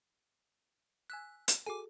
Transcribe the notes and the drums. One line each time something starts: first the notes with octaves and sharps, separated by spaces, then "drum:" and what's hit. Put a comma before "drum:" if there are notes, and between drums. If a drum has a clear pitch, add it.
G#5 E6 F#6 B6
drum: hi-hat
F#4 G#4 A4 G#5 D6